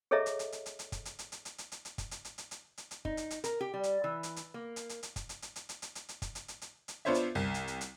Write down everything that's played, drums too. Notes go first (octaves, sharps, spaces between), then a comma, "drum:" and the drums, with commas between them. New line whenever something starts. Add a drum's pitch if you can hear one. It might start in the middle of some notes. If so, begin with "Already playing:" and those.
G#4 A4 C#5 D#5 E5 A#5
drum: hi-hat
drum: hi-hat
drum: hi-hat
drum: hi-hat
drum: hi-hat
drum: kick, hi-hat
drum: hi-hat
drum: hi-hat
drum: hi-hat
drum: hi-hat
drum: hi-hat
drum: hi-hat
drum: hi-hat
drum: kick, hi-hat
drum: hi-hat
drum: hi-hat
drum: hi-hat
drum: hi-hat
drum: hi-hat
drum: hi-hat
D#4, drum: kick
drum: hi-hat
drum: hi-hat
A#4, drum: hi-hat
G4
G3
drum: hi-hat
E3
drum: hi-hat
drum: hi-hat
A#3
drum: hi-hat
drum: hi-hat
drum: hi-hat
drum: kick, hi-hat
drum: hi-hat
drum: hi-hat
drum: hi-hat
drum: hi-hat
drum: hi-hat
drum: hi-hat
drum: hi-hat
drum: kick, hi-hat
drum: hi-hat
drum: hi-hat
drum: hi-hat
drum: hi-hat
B3 D4 F4 C5 C#5 E5
drum: hi-hat
C2
drum: hi-hat
drum: hi-hat
drum: hi-hat